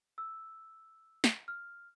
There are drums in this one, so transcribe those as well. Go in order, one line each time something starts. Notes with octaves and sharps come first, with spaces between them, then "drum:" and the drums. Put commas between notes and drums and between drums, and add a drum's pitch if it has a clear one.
E6
drum: snare
F6